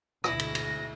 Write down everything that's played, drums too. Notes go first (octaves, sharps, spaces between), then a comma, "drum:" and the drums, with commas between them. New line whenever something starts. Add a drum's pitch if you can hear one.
D2 G#2 B2 E4 A#6, drum: rim click
drum: cymbal
drum: cymbal